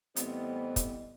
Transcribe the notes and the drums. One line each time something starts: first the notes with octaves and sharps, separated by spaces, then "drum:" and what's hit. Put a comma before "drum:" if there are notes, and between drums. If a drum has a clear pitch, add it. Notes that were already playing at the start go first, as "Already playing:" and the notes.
A2 E3 G3 B3 C4 D#5, drum: hi-hat
drum: kick, hi-hat